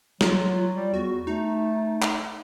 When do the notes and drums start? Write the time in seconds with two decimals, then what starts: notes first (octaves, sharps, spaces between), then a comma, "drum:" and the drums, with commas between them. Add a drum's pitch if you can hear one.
0.21 F#3 F4, drum: snare
0.76 G3
0.94 E2 F#4
1.27 A3 D#4
2.02 drum: clap